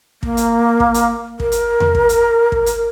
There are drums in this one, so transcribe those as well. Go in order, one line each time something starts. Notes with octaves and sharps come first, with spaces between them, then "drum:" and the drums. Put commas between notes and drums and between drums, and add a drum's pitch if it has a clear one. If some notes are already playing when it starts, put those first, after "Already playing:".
A#3, drum: kick
drum: hi-hat
drum: kick
drum: hi-hat
A#4, drum: kick
drum: hi-hat
drum: tom E2
drum: kick
drum: hi-hat
drum: kick
drum: hi-hat